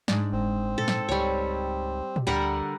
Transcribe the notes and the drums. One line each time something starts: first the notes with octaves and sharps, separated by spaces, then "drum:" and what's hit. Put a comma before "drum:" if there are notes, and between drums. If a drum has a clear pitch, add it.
G#2 D4, drum: snare
F#1 C4
A#2 A4
drum: snare
C#2 G3 C#5
drum: tom A#2
D2 D3 G3 A#4 F#5